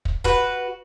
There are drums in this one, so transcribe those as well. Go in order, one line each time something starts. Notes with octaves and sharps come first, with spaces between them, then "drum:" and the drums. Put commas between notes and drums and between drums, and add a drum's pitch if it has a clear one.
drum: kick
F#4 B4, drum: kick